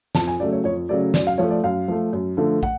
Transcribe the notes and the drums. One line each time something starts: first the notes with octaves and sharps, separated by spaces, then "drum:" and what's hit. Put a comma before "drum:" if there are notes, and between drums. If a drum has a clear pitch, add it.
F2 A5, drum: snare
G#5
C#3 F#3 A3 D5
C#5
F2 C#5
C#3 F#3 A3 D5
F#2 D5, drum: snare
F5
F3 A3 C#5
D5
F#2 F5
F3 A3
F#2
D3 F3 A3
F#5, drum: kick